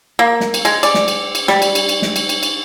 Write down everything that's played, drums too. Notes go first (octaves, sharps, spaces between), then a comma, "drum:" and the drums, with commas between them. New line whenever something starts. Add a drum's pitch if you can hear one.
A#3
drum: snare
drum: cymbal
G#3, drum: cymbal
D5, drum: cymbal
drum: snare
drum: cymbal
drum: cymbal
G3, drum: snare
drum: cymbal
drum: cymbal
drum: cymbal
drum: snare
drum: cymbal
drum: cymbal
drum: cymbal